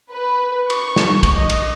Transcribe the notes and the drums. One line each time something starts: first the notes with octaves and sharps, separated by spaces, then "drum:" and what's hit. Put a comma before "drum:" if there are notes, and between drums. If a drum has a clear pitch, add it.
B4
C#6, drum: cymbal
drum: snare
drum: kick, cymbal
D#5
drum: cymbal